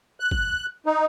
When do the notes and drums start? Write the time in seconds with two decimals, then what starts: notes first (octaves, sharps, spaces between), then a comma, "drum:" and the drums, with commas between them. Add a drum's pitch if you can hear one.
0.20 F#6
0.31 drum: kick G#1
0.86 D#4